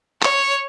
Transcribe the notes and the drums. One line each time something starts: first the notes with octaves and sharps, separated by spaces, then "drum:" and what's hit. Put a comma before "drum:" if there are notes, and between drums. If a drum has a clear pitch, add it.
C#5, drum: clap